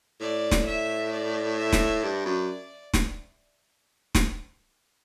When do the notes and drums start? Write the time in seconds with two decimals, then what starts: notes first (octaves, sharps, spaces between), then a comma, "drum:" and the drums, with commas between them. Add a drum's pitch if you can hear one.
0.21 A2 D5
0.51 drum: snare
0.66 E5
1.12 D5
1.57 E5
1.73 drum: snare
2.03 G2 D5
2.25 F#2
2.94 drum: snare
4.15 drum: snare